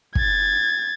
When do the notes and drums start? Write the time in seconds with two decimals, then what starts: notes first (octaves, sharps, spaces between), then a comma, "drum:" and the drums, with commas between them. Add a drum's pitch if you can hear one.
0.15 G#6 A6, drum: kick